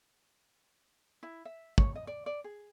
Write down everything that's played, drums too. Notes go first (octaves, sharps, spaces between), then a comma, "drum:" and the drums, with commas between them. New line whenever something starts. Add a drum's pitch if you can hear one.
E4
E5
C#5, drum: kick
D#5
D5
D5
G#4